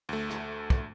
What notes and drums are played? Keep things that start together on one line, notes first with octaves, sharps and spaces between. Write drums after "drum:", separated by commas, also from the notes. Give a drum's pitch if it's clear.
D2 A3
drum: rim click
drum: kick